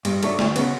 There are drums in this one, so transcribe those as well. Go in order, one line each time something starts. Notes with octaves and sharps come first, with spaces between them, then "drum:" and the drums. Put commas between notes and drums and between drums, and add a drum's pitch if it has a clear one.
G2, drum: cymbal
F#3 A3 D4, drum: cymbal
D2, drum: snare
C#3 F#3 B3, drum: cymbal